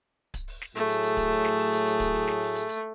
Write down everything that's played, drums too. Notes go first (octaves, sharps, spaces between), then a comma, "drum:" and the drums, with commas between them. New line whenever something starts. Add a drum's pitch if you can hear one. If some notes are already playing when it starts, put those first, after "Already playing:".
drum: kick D1, hi-hat
drum: open hi-hat
drum: snare
A2 F#3 A3 G#4, drum: open hi-hat
drum: hi-hat
drum: hi-hat
drum: kick D1, hi-hat
drum: open hi-hat
drum: snare
drum: open hi-hat
drum: hi-hat
drum: hi-hat
drum: kick D1, hi-hat
drum: open hi-hat
drum: snare
drum: open hi-hat
drum: hi-hat
drum: hi-hat